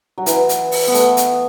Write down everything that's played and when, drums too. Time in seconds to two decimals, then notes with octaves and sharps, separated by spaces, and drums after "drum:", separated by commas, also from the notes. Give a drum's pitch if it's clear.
0.18 F#3
0.26 E3, drum: hi-hat
0.49 drum: hi-hat
0.72 drum: open hi-hat
0.88 B3
0.94 A3, drum: hi-hat
1.17 drum: hi-hat